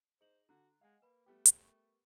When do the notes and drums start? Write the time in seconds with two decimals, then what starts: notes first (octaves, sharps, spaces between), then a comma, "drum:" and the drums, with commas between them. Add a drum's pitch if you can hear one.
0.21 D#4 G#4 C5 F#7
0.49 D3 F#4 A#5 F#6
0.81 G#3 D#5 F5 F#5 G#5
1.02 A#3 B4 B5
1.26 G3 A3 B3 G4
1.46 drum: hi-hat
1.64 A#4 C#6